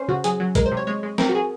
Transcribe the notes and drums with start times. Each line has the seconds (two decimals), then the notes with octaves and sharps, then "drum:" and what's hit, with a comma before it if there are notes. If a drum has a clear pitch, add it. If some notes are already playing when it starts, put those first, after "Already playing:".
Already playing: C#4 C5
0.08 C#3 F#4
0.24 F#3 G#4, drum: hi-hat
0.40 F#3
0.55 G#3 A#4, drum: kick A1, hi-hat
0.66 C5
0.72 C3
0.77 C#5
0.87 G#3 C#5
1.03 G#3
1.18 C4 A#4, drum: snare
1.29 F#4
1.35 G#4